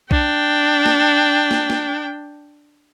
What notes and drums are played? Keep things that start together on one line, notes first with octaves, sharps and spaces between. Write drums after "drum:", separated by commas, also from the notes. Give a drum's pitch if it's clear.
D4 G5, drum: kick B1
drum: snare
drum: snare
drum: snare